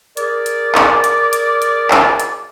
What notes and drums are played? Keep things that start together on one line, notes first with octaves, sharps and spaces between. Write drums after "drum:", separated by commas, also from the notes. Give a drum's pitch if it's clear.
G#4 A#4 D5, drum: hi-hat
drum: hi-hat
drum: clap
drum: hi-hat
drum: hi-hat
drum: hi-hat
drum: clap
drum: hi-hat